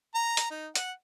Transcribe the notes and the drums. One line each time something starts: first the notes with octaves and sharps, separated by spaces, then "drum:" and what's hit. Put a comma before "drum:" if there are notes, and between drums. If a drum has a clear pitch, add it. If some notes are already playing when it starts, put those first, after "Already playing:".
A#5
drum: hi-hat
D#4
F#5, drum: hi-hat